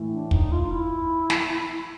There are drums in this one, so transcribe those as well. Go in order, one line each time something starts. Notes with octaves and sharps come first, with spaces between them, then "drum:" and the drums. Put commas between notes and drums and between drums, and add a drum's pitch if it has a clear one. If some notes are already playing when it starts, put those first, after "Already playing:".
Already playing: A2 E3
D4
D#4, drum: kick
F4
E4
drum: snare